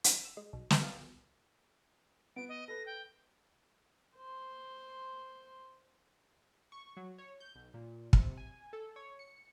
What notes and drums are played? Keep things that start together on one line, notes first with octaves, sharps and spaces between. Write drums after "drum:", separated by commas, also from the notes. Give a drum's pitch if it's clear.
drum: hi-hat
E6
G#3
B1
G#4, drum: snare
F5
B3 D7
D#5
A4 B4 A#6
G5
C5 C6
C#6
F#3
C#5
G6
B1
A#2
C3, drum: kick
G#5
A4
C#5
C#7